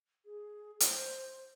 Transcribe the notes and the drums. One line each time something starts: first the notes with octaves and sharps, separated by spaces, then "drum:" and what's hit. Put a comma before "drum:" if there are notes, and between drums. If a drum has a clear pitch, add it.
G#4
C5, drum: hi-hat